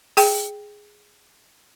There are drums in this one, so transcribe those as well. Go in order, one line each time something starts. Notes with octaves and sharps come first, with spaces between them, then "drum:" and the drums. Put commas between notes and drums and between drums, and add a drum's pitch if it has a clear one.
G#4 G5, drum: open hi-hat